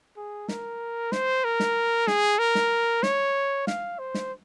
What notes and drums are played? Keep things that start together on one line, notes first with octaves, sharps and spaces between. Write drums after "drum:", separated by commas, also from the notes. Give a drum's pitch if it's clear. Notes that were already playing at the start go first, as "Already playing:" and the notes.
G#4
A#4, drum: snare
C5, drum: snare
A#4
drum: snare
G#4, drum: snare
A#4
drum: snare
C#5, drum: snare
F5, drum: snare
C5
drum: snare